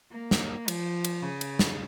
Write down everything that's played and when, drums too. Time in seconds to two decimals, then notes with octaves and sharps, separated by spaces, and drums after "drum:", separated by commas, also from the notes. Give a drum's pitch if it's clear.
0.13 A#3
0.31 drum: snare
0.68 F3, drum: cymbal
1.04 drum: cymbal
1.23 C#3
1.41 drum: cymbal
1.59 drum: snare